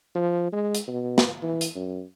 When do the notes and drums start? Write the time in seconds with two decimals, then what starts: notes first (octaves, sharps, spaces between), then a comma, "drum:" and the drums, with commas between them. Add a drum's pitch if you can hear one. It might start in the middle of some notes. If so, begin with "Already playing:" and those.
0.15 F3
0.53 G#3
0.75 drum: hi-hat
0.88 B2
1.18 drum: snare
1.42 E3
1.61 drum: hi-hat
1.75 F#2